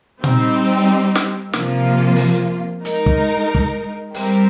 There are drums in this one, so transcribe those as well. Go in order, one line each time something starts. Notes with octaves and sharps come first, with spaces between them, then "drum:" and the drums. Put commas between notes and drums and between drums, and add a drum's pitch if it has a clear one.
G3 C4 D#4 G4, drum: tom A#2
drum: snare
C3 F3 A#3 F4, drum: snare
drum: open hi-hat
G#3 D#4 A#4, drum: hi-hat
drum: kick
drum: kick
G3 C4 G4 A#4, drum: open hi-hat